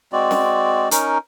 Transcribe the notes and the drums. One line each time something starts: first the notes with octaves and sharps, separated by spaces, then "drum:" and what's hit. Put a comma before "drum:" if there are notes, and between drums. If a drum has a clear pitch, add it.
G#3 C4 F#4 D5
drum: snare C#4
C#4 D#4 A#4, drum: hi-hat